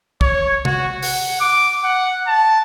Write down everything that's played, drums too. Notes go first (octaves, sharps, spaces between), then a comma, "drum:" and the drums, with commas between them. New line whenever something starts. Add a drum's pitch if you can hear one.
C#5, drum: kick
F#4, drum: tom C3
F#5, drum: open hi-hat
D6
F#5
A5